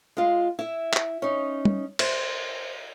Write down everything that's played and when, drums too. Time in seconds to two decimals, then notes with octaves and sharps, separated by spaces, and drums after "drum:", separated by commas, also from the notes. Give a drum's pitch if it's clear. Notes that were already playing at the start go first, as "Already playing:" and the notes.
0.17 G#3 F4
0.59 E4 E5
0.94 drum: clap
1.22 C#4 D#4
1.65 drum: tom
1.99 C5, drum: cymbal